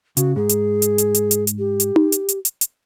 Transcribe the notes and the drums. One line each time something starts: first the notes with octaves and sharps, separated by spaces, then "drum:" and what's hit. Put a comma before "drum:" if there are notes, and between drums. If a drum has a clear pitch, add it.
C#3 F#4, drum: hi-hat
G#2 G#4
drum: hi-hat
drum: hi-hat
drum: hi-hat
drum: hi-hat
drum: hi-hat
drum: hi-hat
G4
drum: hi-hat
drum: tom D#4
drum: hi-hat
drum: hi-hat
drum: hi-hat
drum: hi-hat